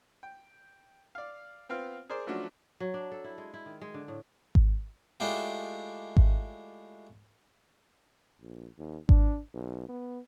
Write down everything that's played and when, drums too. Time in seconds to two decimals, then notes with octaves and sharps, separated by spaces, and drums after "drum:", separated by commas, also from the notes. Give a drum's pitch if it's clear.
0.23 G5
1.15 D5 F5
1.69 B3 C4 F4 F5
2.10 G#4 A#4 C5 D5
2.27 F3 F#3 A3 C#4 D4 F#4
2.80 F#3
2.94 D4
3.12 A4
3.24 E4
3.38 G#3
3.54 E4
3.66 D#3
3.81 G#3
3.94 D3
4.08 A2
4.55 drum: kick G#1
5.20 G#3 A3 D4 E4 F4 G4
6.17 drum: kick G#1
8.41 A#1
8.78 D#2
9.09 D4, drum: kick G#1
9.54 B1
9.89 B3